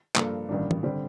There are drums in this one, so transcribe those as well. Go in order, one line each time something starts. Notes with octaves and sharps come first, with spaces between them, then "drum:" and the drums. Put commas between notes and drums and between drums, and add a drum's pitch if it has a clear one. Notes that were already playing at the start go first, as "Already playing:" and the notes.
G2 F3 A#3 F4 A4, drum: clap
A1 G2 D#3 G3 D4
drum: tom
D3 G3 C4